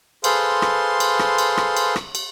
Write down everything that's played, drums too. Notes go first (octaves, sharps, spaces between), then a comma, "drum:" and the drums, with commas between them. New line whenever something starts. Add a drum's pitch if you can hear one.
G#4 A4 B4 C5 F5 C6, drum: cymbal
drum: rim click
drum: cymbal
drum: rim click
drum: cymbal
drum: rim click
drum: cymbal
drum: rim click
drum: cymbal